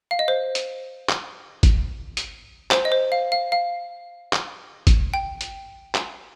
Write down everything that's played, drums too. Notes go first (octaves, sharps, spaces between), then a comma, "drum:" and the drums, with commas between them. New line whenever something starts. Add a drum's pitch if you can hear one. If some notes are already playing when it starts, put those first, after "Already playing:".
F5
D#5
C5
drum: hi-hat
drum: clap
drum: kick, hi-hat
drum: hi-hat
C5, drum: clap
D#5
C5
F5
F5
F5
drum: clap
drum: kick, hi-hat
G5
drum: hi-hat
drum: clap